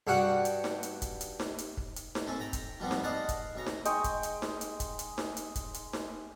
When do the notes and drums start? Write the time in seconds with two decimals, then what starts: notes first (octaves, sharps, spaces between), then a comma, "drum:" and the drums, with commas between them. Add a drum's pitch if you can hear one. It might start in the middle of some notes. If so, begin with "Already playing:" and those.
0.07 G2 G3 F#4 C#6 D#6
0.45 drum: hi-hat
0.64 drum: snare D#4
0.83 drum: hi-hat
1.02 drum: kick, hi-hat
1.21 drum: hi-hat
1.40 drum: snare D#4
1.58 drum: hi-hat
1.77 drum: kick
1.96 drum: hi-hat
2.15 drum: snare D#4
2.27 C4 C#4 A4
2.39 G5 A#5 B5
2.53 drum: kick, hi-hat
2.80 F3 G3 B3 C4
2.91 drum: snare D#4
3.03 G#4 D5 D#5 F5 F#5 A5
3.29 drum: kick, hi-hat
3.55 B1 C#3 A#5
3.66 drum: snare D#4
3.85 G#3 D#5 G5 C#6, drum: hi-hat
4.04 drum: kick, hi-hat
4.23 drum: hi-hat
4.42 drum: snare D#4
4.61 drum: hi-hat
4.80 drum: kick, hi-hat
4.99 drum: hi-hat
5.18 drum: snare D#4
5.37 drum: hi-hat
5.55 drum: kick, hi-hat
5.74 drum: hi-hat
5.93 drum: snare D#4